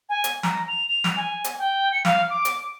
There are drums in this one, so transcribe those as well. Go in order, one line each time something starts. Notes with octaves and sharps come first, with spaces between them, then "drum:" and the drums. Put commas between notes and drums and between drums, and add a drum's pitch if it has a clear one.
G#5
drum: hi-hat
A#5, drum: snare
F7
F7
drum: snare
G#5
drum: hi-hat
G5
C#7
F5, drum: snare
D6
drum: hi-hat